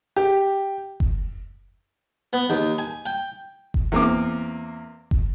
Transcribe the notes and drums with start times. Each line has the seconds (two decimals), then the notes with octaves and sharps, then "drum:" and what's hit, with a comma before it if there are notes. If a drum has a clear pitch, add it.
0.16 G4
1.00 drum: kick F#1
2.33 B3
2.50 D#2
2.78 G#5
3.06 G5
3.74 drum: kick F#1
3.92 E2 A#3 C4 D6
5.11 drum: kick F#1